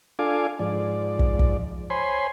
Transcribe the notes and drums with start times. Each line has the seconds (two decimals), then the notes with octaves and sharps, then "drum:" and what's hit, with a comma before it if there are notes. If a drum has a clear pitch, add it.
0.19 D4 F4 A4 F5 G#5 D6
0.59 G#2 F3 D5
1.19 drum: kick
1.39 drum: kick
1.90 C5 C#5 G#5 B5 C6